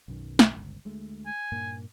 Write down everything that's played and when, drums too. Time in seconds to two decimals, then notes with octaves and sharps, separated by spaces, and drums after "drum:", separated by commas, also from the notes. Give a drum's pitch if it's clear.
0.08 B1 F#2 D#3
0.39 drum: snare
0.57 G1 C#2
0.85 D2 G#3 A3
1.26 G#5
1.52 G2 A#2 A#3